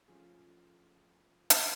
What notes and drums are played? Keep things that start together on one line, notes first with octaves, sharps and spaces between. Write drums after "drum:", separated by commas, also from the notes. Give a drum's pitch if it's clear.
F3 A3 C#4 F4 G#4
drum: hi-hat